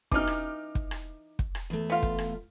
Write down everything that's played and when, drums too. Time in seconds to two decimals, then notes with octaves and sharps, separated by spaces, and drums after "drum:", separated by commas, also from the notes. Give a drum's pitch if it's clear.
0.11 E3 D#4 D6 F6, drum: kick
0.27 drum: rim click
0.75 drum: kick
0.91 drum: rim click
1.39 drum: kick
1.55 drum: rim click
1.70 E2 A3
1.90 B3 F4
2.03 drum: kick
2.18 drum: rim click